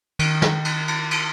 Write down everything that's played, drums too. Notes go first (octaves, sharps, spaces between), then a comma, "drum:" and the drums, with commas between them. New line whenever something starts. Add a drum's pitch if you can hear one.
D#3, drum: cymbal
drum: snare
drum: cymbal
drum: cymbal
drum: cymbal